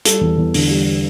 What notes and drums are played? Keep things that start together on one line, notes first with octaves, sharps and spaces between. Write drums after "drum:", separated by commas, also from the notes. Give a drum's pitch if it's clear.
G3 A4, drum: hi-hat
E2
E2
D3, drum: open hi-hat
G3